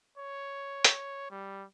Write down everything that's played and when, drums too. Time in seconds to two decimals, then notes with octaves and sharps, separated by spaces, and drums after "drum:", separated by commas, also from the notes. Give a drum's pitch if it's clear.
0.18 C#5
0.84 drum: hi-hat
1.30 G3